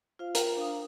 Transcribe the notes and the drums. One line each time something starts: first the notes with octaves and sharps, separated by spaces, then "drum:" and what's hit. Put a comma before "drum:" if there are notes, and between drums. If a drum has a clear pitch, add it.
F4 C5 F5
A#4 G5, drum: hi-hat
D4 F5 D#6